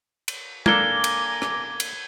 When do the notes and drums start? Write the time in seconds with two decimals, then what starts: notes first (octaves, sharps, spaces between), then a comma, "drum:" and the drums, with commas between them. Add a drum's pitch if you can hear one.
0.28 drum: cymbal
0.66 A#3 D4 A4 G#5 A#5 D6 G#6 G7, drum: tom G#3
1.04 drum: cymbal
1.42 drum: rim click
1.80 drum: cymbal